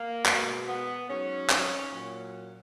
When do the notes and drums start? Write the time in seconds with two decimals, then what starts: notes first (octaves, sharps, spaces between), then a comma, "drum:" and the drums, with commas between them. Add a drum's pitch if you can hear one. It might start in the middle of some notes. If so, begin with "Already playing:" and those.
Already playing: A#3
0.26 B2 G#3, drum: clap
0.68 B3
1.09 G#2 F#3 C#4
1.50 drum: clap
1.91 A#2 F#3